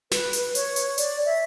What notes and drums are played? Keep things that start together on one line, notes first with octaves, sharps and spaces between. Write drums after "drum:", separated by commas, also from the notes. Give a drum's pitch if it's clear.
B4, drum: snare
drum: hi-hat
C#5, drum: hi-hat
drum: hi-hat
D5, drum: hi-hat
E5